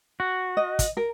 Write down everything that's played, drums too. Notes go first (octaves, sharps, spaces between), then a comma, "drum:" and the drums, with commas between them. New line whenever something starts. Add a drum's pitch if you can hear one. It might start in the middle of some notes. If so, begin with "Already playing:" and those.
F#4
D#5
drum: kick, hi-hat
A#4